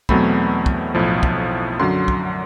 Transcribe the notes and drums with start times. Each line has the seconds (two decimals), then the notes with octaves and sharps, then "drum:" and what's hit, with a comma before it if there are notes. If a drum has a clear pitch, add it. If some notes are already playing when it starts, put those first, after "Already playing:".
0.09 E2 B2 F#3 A3 C4 B5, drum: kick
0.66 drum: kick
0.95 B1 A2 F3
1.23 drum: kick
1.79 F#2 D3 F#3 C6
2.08 drum: kick